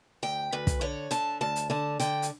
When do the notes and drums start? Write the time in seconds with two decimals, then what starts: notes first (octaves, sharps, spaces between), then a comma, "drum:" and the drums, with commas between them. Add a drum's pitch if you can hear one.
0.23 D2 G5
0.52 D2 B4
0.67 drum: kick, hi-hat
0.81 D3 C#5
1.11 D3 A5, drum: hi-hat
1.41 D2 A5
1.56 drum: hi-hat
1.70 D3 A5
2.00 D3 G5, drum: hi-hat
2.22 drum: hi-hat